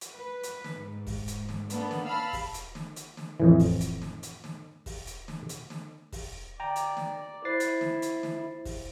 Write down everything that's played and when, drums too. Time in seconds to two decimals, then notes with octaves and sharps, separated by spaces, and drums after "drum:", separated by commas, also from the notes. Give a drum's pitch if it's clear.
0.01 drum: hi-hat
0.15 B4
0.43 drum: hi-hat
0.64 drum: snare
0.78 G#2
1.07 drum: kick, open hi-hat
1.28 drum: hi-hat
1.49 drum: snare
1.70 A#3 B3 D4 A4, drum: hi-hat
1.91 drum: snare
2.06 F5 A5 B5 E6 F6
2.33 drum: kick, open hi-hat
2.54 drum: hi-hat
2.75 drum: snare
2.96 drum: hi-hat
3.17 drum: snare
3.40 F2 A2 E3
3.59 drum: kick, open hi-hat
3.81 drum: hi-hat
4.02 drum: snare
4.23 drum: hi-hat
4.44 drum: snare
4.86 drum: kick, open hi-hat
5.07 drum: hi-hat
5.28 drum: snare
5.49 drum: hi-hat
5.70 drum: snare
6.12 drum: kick, open hi-hat
6.60 D5 G5 A#5
6.76 drum: hi-hat
6.97 drum: snare
7.45 E4 C5 A6 C7
7.60 drum: hi-hat
7.81 drum: snare
8.02 drum: hi-hat
8.23 drum: snare
8.65 drum: kick, open hi-hat